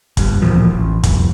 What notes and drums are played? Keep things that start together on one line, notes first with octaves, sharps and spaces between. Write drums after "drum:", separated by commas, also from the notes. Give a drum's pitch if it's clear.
F#1 G2, drum: kick, hi-hat
D1 E2 A#2 F3
A1
C2 F2, drum: kick, hi-hat